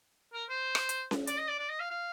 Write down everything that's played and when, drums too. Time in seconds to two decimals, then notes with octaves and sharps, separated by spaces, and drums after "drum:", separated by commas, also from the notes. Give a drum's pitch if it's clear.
0.33 A#4
0.49 C5
0.75 drum: rim click
0.89 drum: hi-hat
1.11 drum: snare C#4
1.27 D5, drum: hi-hat
1.38 D#5
1.49 D5
1.59 D5
1.69 D#5
1.80 F5
1.90 F5